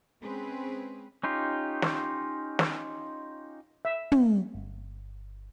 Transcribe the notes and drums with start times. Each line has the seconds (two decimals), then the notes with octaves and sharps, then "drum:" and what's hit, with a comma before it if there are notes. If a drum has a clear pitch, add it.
0.21 G#3 C4 C#4 G#4 B4
1.23 C#4 D#4 F4 G4
1.82 drum: snare
2.59 drum: snare
3.85 E5
4.12 drum: tom
4.54 G1